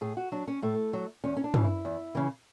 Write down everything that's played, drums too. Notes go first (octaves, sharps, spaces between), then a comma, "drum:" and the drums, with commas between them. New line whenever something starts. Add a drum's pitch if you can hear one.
A2 G#4
F#4
F#3 D4
C#4
A2 A3
F#3
E2 C#4
C#4
D4
C#3 E3, drum: tom
E4
E2
C#3 E3